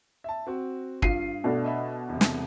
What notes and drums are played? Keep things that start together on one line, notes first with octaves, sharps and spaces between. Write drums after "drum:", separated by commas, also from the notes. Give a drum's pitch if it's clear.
E5 A5
C4 F#4
G2 F4 C7 D#7, drum: kick
B2 A3 D4
D#5 E5 B5
E1 C3
drum: snare